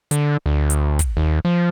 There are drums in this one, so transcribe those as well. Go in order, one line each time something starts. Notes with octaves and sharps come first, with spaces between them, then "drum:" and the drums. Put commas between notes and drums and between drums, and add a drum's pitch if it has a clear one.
D3, drum: hi-hat
D2
drum: hi-hat
drum: kick, hi-hat
D#2
F3